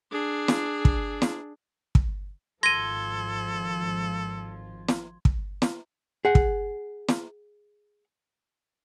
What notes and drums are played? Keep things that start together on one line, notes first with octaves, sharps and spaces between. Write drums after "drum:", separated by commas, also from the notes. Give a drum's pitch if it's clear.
D4 G#4
drum: snare
drum: kick
drum: snare
drum: kick
G#1 F3 A4 C6 G#6 A#6 D#7 G7
drum: snare
drum: kick
drum: snare
G#4 F#5
drum: kick
drum: snare